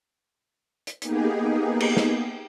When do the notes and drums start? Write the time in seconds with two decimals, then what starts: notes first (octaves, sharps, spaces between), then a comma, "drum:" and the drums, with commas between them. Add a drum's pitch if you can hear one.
0.87 drum: hi-hat
1.02 A#3 B3 D#4 G4 G#4, drum: hi-hat
1.80 drum: cymbal
1.97 drum: snare